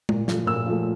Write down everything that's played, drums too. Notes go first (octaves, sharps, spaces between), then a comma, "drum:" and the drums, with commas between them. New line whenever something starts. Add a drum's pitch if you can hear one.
A#2, drum: tom G#3
F3 A3, drum: snare
A#2 E6
F3 A3